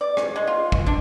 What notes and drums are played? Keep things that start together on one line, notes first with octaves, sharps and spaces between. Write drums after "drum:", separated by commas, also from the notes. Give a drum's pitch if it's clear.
D5
C#4, drum: rim click
G#3
F4
C#4, drum: kick G#1
D4